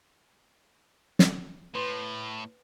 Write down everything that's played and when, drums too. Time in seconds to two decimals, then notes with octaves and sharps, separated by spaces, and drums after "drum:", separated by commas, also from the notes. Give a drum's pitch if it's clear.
1.19 drum: snare
1.75 A2 B4 C6